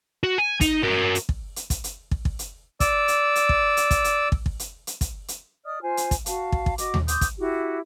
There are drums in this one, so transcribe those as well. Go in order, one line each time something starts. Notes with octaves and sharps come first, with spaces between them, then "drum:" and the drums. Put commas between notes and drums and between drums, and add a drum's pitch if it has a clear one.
F#4
G#5
D#4, drum: kick, hi-hat
F#4 A#4
drum: hi-hat
drum: kick
drum: hi-hat
drum: kick, hi-hat
drum: hi-hat
drum: kick
drum: kick
drum: hi-hat
D5 E6, drum: kick, hi-hat
drum: hi-hat
drum: hi-hat
drum: kick
drum: hi-hat
drum: kick, hi-hat
drum: hi-hat
drum: kick
drum: kick
drum: hi-hat
drum: hi-hat
drum: kick, hi-hat
drum: hi-hat
D5 D#5 D#6 F6
F4 C5 G#5
drum: hi-hat
drum: kick, hi-hat
F#4 F5 A5, drum: hi-hat
drum: kick
drum: kick
F#4 D#5 D6, drum: hi-hat
drum: tom D#2
C6 D6 D#6 G6, drum: hi-hat
drum: kick, hi-hat
E4 F#4 G4